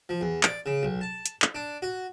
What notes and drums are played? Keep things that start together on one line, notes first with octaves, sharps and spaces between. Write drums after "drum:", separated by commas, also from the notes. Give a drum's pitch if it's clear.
F3
E2
D5, drum: clap
C#3
B1
A5
drum: hi-hat
drum: clap
D4
F#4